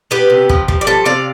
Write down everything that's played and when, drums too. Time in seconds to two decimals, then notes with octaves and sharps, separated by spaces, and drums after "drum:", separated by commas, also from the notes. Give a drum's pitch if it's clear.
0.11 B3 G4 B4
0.30 C3
0.49 F3, drum: kick
0.68 F3, drum: kick
0.81 D5
0.87 G3 A4 C5
1.05 C3 D5 F5